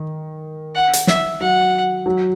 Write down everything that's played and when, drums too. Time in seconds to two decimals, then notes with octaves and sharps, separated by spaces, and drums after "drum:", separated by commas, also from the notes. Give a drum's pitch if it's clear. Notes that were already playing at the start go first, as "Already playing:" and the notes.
Already playing: D#3
0.75 F#5
0.93 drum: hi-hat
1.07 E5, drum: snare
1.41 F#3 F#5
2.06 F#3